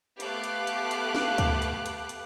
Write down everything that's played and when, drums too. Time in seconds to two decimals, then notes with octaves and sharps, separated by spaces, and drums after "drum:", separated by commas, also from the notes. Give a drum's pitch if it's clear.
0.20 A3 B3 G4 F5 D6 F#6, drum: hi-hat
0.44 drum: hi-hat
0.67 drum: hi-hat
0.91 drum: hi-hat
1.15 drum: snare
1.38 drum: kick D2, hi-hat
1.62 drum: hi-hat
1.86 drum: hi-hat
2.09 drum: hi-hat